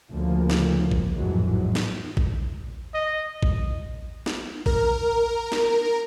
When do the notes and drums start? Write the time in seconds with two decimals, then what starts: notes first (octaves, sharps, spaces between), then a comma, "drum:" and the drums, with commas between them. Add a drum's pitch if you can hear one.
0.12 D2 C#3 F3 A#3
0.50 drum: snare
0.91 drum: kick A1
1.12 A1 F2 G#2 E3 F#3 G#3
1.75 drum: snare
2.17 drum: kick A1
2.94 D#5
3.43 drum: kick A1
4.26 drum: snare
4.66 A#4, drum: kick A1
5.52 drum: snare